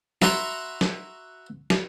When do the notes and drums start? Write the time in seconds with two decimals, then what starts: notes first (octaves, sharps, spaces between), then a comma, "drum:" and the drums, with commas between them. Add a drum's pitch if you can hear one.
0.22 F#4 B4 E5 A#5 C6 C#6, drum: snare
0.81 drum: snare
1.70 drum: snare